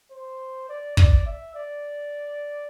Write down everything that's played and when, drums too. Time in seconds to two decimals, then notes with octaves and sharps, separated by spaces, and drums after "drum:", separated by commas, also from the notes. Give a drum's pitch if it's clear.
0.11 C5
0.69 D5
0.97 D5, drum: kick
1.26 E5
1.55 D5